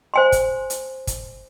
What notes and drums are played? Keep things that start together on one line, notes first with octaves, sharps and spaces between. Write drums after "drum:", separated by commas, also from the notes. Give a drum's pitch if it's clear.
C5 G#5 C6
drum: kick, hi-hat
drum: hi-hat
drum: kick, hi-hat